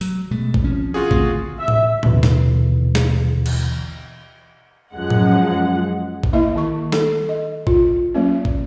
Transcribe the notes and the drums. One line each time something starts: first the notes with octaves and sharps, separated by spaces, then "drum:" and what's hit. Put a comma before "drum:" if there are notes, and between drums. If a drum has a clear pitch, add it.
F#3, drum: open hi-hat
B2 G#3 A3
drum: kick
F3 C4 C#4
F4 F#4 G#4
D3 A3 C4, drum: kick
E5
drum: tom A2
G#1 D#2 B2 D3 E3, drum: tom A2
drum: snare
drum: snare
drum: cymbal
F#2 F3 G#3 F#5
drum: tom A2
drum: kick
A#3 E4 D#5 E5
D#3 C#6
A4, drum: snare
D#5
F4, drum: kick
F#3 A#3 C#4
drum: kick